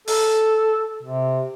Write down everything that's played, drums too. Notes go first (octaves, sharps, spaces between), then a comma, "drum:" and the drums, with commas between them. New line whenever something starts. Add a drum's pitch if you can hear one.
A4, drum: open hi-hat
C3